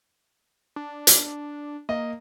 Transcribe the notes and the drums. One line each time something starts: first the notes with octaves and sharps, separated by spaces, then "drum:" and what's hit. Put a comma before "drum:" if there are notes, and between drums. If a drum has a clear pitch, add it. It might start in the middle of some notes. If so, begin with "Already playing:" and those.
D4
drum: hi-hat
A#3 D#5